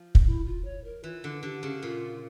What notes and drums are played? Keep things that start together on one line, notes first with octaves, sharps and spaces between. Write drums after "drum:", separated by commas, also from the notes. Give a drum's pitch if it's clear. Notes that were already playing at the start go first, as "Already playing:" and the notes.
Already playing: F3
drum: kick
E4
F4
C#5
A#4
E3 F4
D3
D3 G4
C#3
A#2 F4